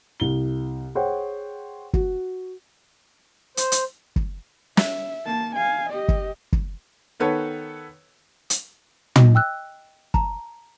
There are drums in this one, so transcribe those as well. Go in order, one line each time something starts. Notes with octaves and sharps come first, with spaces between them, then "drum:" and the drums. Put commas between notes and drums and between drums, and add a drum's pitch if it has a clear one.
C2 G7
G#4 C5 C#5 F#5 G5
F#4, drum: kick
C5, drum: hi-hat
drum: hi-hat
drum: kick
E5, drum: snare
A#3 A5
F5 G#5
G4 D#5
drum: kick
drum: kick
D#3 B3 A4 B4 C#5
drum: hi-hat
D#5, drum: tom
G5 E6 F#6
A5 A#5, drum: kick